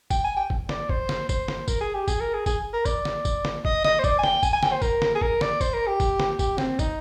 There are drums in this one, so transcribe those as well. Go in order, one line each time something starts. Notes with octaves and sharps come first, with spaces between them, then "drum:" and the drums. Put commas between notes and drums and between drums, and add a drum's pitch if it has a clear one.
G5, drum: kick, tambourine
G#5
G5
drum: kick
D5, drum: snare
C5, drum: kick
drum: snare
C5, drum: kick, tambourine
drum: snare
A#4, drum: kick, tambourine
G#4
G4
G#4, drum: kick, tambourine
A#4
G#4
G#4, drum: kick, tambourine
A#4
D5, drum: kick, tambourine
drum: snare
drum: kick, tambourine
drum: snare
D#5, drum: kick
D#5, drum: snare
C5
D5, drum: kick, tambourine
G#5
G5, drum: snare
G#5, drum: kick, tambourine
G#5
G5, drum: snare
C5
A#4, drum: kick, tambourine
drum: snare
G#4
A#4, drum: kick
D5, drum: snare
C5, drum: kick, tambourine
A#4
G4
drum: kick, tambourine
drum: snare
G4, drum: kick, tambourine
C4, drum: snare
D#4, drum: kick, tambourine